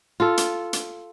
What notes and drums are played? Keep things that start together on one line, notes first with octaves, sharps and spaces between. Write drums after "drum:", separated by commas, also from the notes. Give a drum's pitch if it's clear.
F4 A4
drum: hi-hat
drum: hi-hat